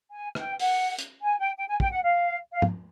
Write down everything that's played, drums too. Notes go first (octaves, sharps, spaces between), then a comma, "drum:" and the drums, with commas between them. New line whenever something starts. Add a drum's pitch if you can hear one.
G#5
G5, drum: rim click
F#5, drum: open hi-hat
drum: hi-hat
G#5
G5
G5
G#5
G5, drum: kick
F#5
F5
F5
drum: tom